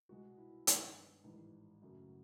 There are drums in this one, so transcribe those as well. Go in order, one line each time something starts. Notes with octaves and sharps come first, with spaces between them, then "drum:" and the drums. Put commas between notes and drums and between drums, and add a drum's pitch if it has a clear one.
C2 B2 G#3 F#4
E4
G2 D#3 G#3 B3, drum: hi-hat
A1 G#2 D#3 G3
F#2 C#3 F#3 A3